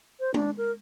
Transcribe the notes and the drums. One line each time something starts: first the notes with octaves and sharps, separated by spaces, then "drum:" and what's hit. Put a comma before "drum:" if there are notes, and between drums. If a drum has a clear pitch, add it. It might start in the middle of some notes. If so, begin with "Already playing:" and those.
C5
D4, drum: tom G#3
A#4